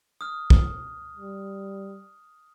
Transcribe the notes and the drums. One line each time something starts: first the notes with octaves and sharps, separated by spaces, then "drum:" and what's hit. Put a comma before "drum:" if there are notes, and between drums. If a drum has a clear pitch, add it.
D#6 F6
drum: kick
G3